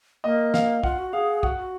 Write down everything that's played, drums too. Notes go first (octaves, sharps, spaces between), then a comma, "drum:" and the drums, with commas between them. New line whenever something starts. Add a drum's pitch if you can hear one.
A#3 D#5
F5, drum: snare
F4 F#5, drum: kick
F#4
G#4 F5
F#4 F#5, drum: kick
F#4